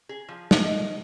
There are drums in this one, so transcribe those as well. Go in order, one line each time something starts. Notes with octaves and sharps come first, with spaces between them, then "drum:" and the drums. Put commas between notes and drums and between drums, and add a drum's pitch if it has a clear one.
G#4
F3
F#4, drum: snare
D#5